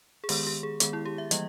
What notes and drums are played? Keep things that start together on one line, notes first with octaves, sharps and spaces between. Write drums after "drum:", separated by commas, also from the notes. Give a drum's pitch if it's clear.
G#4
D#3 G#3 B3 G4, drum: open hi-hat
G4
G#4
D#3 G#3 B3 G#4, drum: hi-hat
E4
G4
E5
E3 G3 A#3 D#5, drum: hi-hat